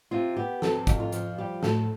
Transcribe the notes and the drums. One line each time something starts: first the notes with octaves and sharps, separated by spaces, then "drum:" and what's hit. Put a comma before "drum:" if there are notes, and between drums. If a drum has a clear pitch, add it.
C3 F4
B3 G4
C3 A4, drum: snare
F2, drum: kick, hi-hat
F4
F3, drum: hi-hat
G3 G4
A2 A4, drum: snare